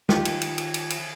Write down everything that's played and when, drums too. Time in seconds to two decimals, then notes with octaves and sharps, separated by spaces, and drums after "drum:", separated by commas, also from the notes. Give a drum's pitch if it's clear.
0.09 D#3 F4 G4, drum: snare
0.25 drum: cymbal
0.41 drum: cymbal
0.58 drum: cymbal
0.74 drum: cymbal
0.90 drum: cymbal